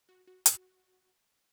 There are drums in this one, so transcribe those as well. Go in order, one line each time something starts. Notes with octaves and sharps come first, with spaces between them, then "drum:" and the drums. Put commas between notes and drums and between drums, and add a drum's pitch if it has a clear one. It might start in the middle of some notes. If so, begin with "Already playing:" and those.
F#4
F#4
F#4, drum: hi-hat